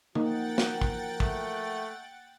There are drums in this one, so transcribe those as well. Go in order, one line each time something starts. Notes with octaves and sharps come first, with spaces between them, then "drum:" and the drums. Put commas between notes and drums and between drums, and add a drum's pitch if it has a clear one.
F3 F#3 A#3 D#4 A#4 F#5 G5 A6, drum: tom D3
drum: snare
drum: kick
A3, drum: kick